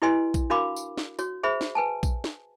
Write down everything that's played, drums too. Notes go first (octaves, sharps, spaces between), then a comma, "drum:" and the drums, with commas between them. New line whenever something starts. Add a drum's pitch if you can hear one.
E4 G4 B4 D#5 G#5 C6
drum: kick A#1, tambourine
D4 F#4 A#4 F5 B5 D6
drum: tambourine
drum: snare
F#4 C#5, drum: tambourine
G#4 C5 E5 B5
drum: snare
B4 G#5 A5
drum: kick A#1, tambourine
drum: snare